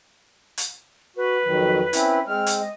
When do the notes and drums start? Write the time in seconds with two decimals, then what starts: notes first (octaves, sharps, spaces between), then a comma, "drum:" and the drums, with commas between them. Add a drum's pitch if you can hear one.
0.58 drum: hi-hat
1.17 F#4 B4
1.45 F2 D#3 F#3
1.93 C4 C#4 E4, drum: hi-hat
2.27 G#3 C4 F6
2.46 drum: hi-hat
2.60 D#5